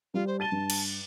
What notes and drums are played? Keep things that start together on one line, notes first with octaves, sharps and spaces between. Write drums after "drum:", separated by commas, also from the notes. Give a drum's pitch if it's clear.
G3 F4
C5
A5 A6 D#7 G7
G2
drum: cymbal